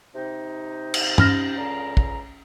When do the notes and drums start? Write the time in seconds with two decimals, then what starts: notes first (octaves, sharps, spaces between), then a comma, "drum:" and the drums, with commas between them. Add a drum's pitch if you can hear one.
0.16 C3 D#4
0.94 drum: cymbal
1.18 C#4 F6 A#6, drum: tom
1.58 C#2 D3 A#5
1.97 drum: kick